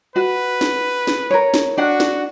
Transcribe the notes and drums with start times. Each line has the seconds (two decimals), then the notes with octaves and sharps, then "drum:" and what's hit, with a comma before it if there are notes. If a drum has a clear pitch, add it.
0.16 F#4 B4
0.61 drum: snare
1.07 drum: snare
1.31 A#4 C#5
1.54 drum: snare
1.78 D4 F#4 F#5
2.00 drum: snare